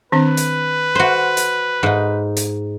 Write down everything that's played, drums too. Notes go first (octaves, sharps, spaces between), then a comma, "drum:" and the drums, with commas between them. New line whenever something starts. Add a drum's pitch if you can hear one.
D#3 C4 D4 B4
drum: hi-hat
F#4 C5
drum: hi-hat
G#2 D#4
drum: hi-hat